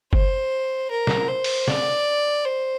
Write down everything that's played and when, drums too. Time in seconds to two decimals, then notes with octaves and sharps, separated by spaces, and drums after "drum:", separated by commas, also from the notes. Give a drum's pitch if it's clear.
0.13 C5, drum: kick F#1
0.91 A#4
1.07 drum: snare
1.28 C5
1.44 drum: open hi-hat
1.68 D5, drum: snare
2.45 C5